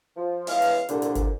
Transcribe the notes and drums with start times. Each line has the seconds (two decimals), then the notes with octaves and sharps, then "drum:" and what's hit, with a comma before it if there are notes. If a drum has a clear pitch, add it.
0.17 F3
0.47 E3 G#3 B3 C#4 F5, drum: open hi-hat
0.62 drum: hi-hat
0.89 C2 A#2 D3, drum: hi-hat
1.02 drum: hi-hat
1.15 drum: kick G1, hi-hat